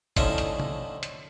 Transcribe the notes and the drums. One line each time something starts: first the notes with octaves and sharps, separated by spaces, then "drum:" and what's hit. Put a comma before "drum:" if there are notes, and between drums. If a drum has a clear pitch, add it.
A2 D3 F3 C#4 D#4 E5, drum: kick, hi-hat
drum: hi-hat
drum: tom
drum: hi-hat